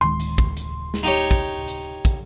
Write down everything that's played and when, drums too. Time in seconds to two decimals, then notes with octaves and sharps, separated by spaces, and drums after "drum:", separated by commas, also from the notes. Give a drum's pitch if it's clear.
0.01 D1 D#3 G#3 C6
0.20 drum: hi-hat
0.38 drum: kick
0.57 drum: hi-hat
0.94 drum: snare
1.03 D#4 G4 C#5
1.31 drum: kick, hi-hat
1.68 drum: hi-hat
2.05 drum: kick, hi-hat